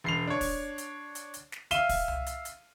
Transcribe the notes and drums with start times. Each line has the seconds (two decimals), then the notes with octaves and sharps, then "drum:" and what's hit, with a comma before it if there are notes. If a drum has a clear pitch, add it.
0.04 E1 C7 F7
0.27 D4 C#5
0.41 drum: kick, open hi-hat
0.78 drum: hi-hat
1.15 drum: hi-hat
1.34 drum: hi-hat
1.52 drum: snare
1.71 E5 F5 D#7 E7 G7, drum: hi-hat
1.89 drum: kick, open hi-hat
2.08 drum: tom C2
2.26 drum: hi-hat
2.45 drum: hi-hat